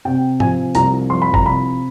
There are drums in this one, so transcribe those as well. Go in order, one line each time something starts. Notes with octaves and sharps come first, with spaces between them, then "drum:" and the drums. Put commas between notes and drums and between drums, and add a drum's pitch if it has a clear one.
C3 G5
F3 G#5, drum: tom
C2 A#5, drum: hi-hat
F3 C6
B5
A#5, drum: kick
C3 B5